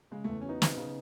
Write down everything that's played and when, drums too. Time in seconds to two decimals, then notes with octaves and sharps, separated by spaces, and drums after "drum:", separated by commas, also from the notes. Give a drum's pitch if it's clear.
0.11 C#3 G#3
0.24 E2 A3
0.41 C#4
0.45 F#3 B3 D#4
0.62 C#3, drum: snare
0.77 C#3